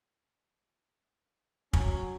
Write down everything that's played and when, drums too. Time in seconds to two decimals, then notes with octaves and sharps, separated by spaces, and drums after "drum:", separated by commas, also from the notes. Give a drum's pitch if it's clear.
1.73 F#3 C#4, drum: kick